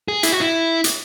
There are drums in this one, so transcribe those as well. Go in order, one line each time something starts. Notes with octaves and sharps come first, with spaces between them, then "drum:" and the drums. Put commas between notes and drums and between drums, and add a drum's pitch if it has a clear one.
G#4
E4, drum: hi-hat
F#4
E4
drum: hi-hat